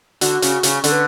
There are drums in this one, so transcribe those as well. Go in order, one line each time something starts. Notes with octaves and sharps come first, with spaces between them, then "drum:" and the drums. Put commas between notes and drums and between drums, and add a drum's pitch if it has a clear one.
D3 F#4, drum: hi-hat
C#3, drum: hi-hat
C#3, drum: hi-hat
D3 A4, drum: hi-hat
B4